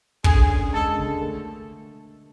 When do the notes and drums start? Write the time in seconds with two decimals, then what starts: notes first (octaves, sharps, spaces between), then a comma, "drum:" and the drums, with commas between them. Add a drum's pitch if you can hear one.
0.24 D3 G#4, drum: kick
0.49 C#4
0.73 G#3 A4
0.97 D3
1.21 A3